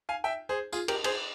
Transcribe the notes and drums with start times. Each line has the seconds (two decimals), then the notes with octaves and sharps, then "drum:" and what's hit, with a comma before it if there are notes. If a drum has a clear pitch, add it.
0.09 F5 G#5
0.24 E5 G5
0.49 G#4 C5
0.72 F4 G#4, drum: tambourine
0.88 G4 A#4, drum: cymbal
1.04 G#4 C5, drum: cymbal